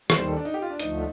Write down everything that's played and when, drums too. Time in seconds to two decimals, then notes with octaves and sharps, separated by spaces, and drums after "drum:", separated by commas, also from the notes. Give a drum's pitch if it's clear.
0.10 D#2 D#3 G3, drum: rim click
0.18 C5
0.27 A4
0.37 D4
0.45 D#4
0.54 G4
0.62 F4
0.70 D4
0.79 D2 D3 F3 A3 D#4, drum: hi-hat